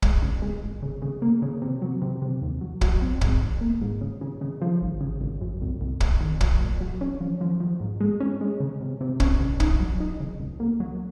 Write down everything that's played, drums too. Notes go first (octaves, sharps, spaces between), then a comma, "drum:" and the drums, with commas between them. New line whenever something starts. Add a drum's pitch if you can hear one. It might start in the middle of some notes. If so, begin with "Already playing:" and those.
G#3, drum: kick
C#3
G#3
G#1
C#3
C#3
A#3
C#3
C3
F#3
C3
C3
D#2
F#3
F#3, drum: kick
C4
G#2, drum: kick
G#1
A#3
G#2
C#3
C#3
C#3
F3
G#1
C#3
G#1
F#2
C2
C2
C2, drum: kick
D#3
F#3, drum: kick
A#2
F#3
C#4
F3
F3
F3
G#2
G#3
C#4
G#3
C#3
C3
C3
C#4, drum: kick
C3
D#4, drum: kick
F#3
D#4
C#3
C#2
A#3
F#3